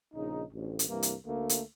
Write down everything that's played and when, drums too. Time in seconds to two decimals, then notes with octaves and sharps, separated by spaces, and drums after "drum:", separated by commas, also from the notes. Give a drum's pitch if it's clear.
0.14 A#1 C#3 D#4
0.53 A1 D2
0.79 drum: hi-hat
0.88 C2 G2 E3 A#3
1.03 drum: hi-hat
1.26 D2 A3 A#3
1.49 drum: hi-hat